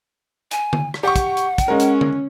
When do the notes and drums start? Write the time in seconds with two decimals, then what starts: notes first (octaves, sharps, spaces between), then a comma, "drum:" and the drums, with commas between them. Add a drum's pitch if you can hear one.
0.51 G#5, drum: hi-hat
0.73 drum: tom D3
0.94 drum: rim click
1.03 G4 F#5 C#6
1.16 drum: kick, hi-hat
1.37 drum: hi-hat
1.58 drum: kick, hi-hat
1.68 G#3 C#4 A#4
1.80 drum: hi-hat
2.01 drum: tom D3